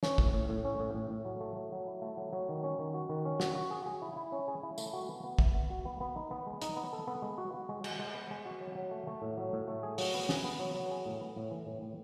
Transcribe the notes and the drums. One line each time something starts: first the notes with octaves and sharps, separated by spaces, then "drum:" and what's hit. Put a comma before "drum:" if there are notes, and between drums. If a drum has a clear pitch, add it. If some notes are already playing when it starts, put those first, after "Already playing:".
C#4, drum: snare
A2, drum: kick
A2
A2
C#4
A2
A2
A2
F#3
A3
F#3
F#3
E4
A3
F#3
F#3
D#3
C#4
D#3
F#4
D#3
C#4
F#4, drum: snare
F#4
G#4
G#4
E4
E4
C#4
G#4
E4
A3, drum: tambourine
F#4
B3
B3
E5, drum: kick
B3
F#4
B3
B3
D#4
B3
G#3
D#4, drum: hi-hat
B3
A4
B3
G#3
F#4
F#4
G#3
G#3, drum: cymbal
G#3
B3
G#3
F#4
F#3
F#3
A3
A3
A2
F#3
A2
A3
G#4
F#3, drum: open hi-hat
B3
G#4, drum: snare
B3
F#3
F#3
G#4
A2
B3
A2
E3
A2
A2